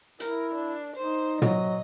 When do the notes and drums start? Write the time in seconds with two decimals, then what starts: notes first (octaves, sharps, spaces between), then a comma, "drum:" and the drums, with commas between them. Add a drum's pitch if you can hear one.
0.20 E4 A#4, drum: hi-hat
0.54 D4
0.97 D#4 C5
1.42 F#3 D#5, drum: tom